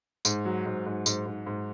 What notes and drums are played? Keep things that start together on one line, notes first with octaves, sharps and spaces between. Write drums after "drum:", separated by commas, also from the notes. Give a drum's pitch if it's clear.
G#2, drum: tambourine
F#3
G#2
G#2
G#2, drum: tambourine
G#2
G#2